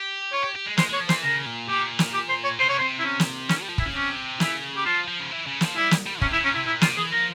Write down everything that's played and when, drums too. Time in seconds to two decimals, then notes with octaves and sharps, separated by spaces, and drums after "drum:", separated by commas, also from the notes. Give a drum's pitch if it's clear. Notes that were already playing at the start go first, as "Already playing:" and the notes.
Already playing: G4
0.32 F4 C#5
0.44 G4
0.56 G4
0.66 G#3
0.77 G#3 C5, drum: snare
0.89 G#3 C#5
1.01 F3
1.09 C5, drum: snare
1.12 E3
1.23 C#3 A#4
1.46 A#2
1.69 A#2 G4
1.99 drum: snare
2.14 G4
2.29 C5
2.44 C#5
2.59 C3 C5
2.69 C#5
2.79 C5
2.82 C3
3.00 E4
3.05 C#4
3.20 drum: snare
3.49 C#4, drum: snare
3.60 G3
3.68 F3
3.78 E3 E4, drum: kick
3.86 C#3
3.95 C3 C#4
4.40 C#3 E4, drum: snare
4.77 G4
4.86 F3 F4
5.08 F3
5.20 C#3
5.31 E3
5.46 C#3
5.61 F3, drum: snare
5.76 G3 E4
5.91 drum: snare
6.06 G3
6.22 C3 C#4, drum: kick
6.33 C#3 E4
6.43 A#2 C#4
6.55 C3 E4
6.66 A#2 E4
6.81 C3 F4, drum: snare
6.97 E3 G#4
7.12 F3 A#4